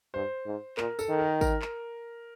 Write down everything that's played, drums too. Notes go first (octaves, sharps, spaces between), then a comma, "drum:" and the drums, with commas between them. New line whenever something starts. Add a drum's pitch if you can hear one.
G2 C5
G#2
A#2 A#4, drum: clap
A4, drum: tambourine
D#3
A#4
A#4, drum: kick G#1, tambourine
drum: clap